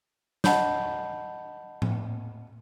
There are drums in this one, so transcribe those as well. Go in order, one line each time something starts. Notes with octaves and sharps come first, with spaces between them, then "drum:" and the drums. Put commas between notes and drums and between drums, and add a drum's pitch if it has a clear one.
D#5 F#5 A5 B5 G6, drum: snare
drum: tom A2